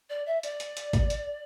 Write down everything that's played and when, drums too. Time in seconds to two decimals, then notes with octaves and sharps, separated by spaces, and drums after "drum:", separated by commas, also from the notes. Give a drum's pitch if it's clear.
0.10 D5
0.26 E5
0.43 D5, drum: hi-hat
0.60 drum: hi-hat
0.77 drum: hi-hat
0.93 drum: kick G#1, hi-hat
1.10 drum: hi-hat